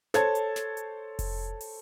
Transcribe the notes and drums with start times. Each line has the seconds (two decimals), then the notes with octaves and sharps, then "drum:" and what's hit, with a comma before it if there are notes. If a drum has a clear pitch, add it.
0.14 A4 C5 C#5 A5 G#6, drum: snare
0.35 drum: hi-hat
0.56 drum: snare
0.77 drum: hi-hat
1.19 drum: kick F1, open hi-hat
1.61 drum: open hi-hat